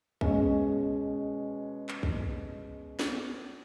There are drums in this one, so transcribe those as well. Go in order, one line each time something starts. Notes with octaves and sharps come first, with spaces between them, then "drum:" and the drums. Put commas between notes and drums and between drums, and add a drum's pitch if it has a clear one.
B2 G#3 C#4, drum: kick B1
drum: clap
drum: kick B1
drum: snare